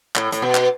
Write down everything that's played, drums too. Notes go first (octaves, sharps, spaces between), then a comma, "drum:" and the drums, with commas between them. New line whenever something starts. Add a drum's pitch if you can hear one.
A2, drum: clap
A2, drum: hi-hat
B2
drum: clap